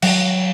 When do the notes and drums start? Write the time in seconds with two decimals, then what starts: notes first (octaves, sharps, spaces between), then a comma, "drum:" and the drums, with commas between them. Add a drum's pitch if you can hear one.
0.02 F#3, drum: cymbal